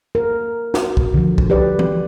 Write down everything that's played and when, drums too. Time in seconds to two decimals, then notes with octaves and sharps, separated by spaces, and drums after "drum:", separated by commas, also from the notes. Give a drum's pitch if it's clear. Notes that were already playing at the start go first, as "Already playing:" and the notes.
0.15 A#4
0.74 F#4, drum: snare
0.97 drum: kick
1.14 D3 F3
1.38 drum: kick
1.50 G4 B4 D5
1.79 drum: tom E3